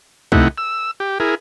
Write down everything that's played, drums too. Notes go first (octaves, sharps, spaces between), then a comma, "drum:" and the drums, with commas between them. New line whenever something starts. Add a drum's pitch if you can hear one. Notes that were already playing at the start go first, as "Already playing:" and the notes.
C3 A3 D#4 E4 F#5, drum: kick
E6
G4
E4 G#4 A#4